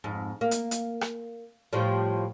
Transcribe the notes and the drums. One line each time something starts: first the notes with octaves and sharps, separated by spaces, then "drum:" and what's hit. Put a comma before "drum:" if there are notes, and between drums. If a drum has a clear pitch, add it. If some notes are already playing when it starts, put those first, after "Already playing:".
F2 G#2
A#3
drum: hi-hat
drum: hi-hat
drum: rim click
A2 F3 G3